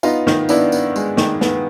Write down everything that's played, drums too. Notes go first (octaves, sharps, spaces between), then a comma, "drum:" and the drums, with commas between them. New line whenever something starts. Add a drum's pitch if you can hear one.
B3 D#4 F4, drum: tambourine
D#3, drum: snare
B3 D4 E4, drum: tambourine
B3, drum: tambourine
G#3, drum: tambourine
D#3, drum: snare
B3, drum: snare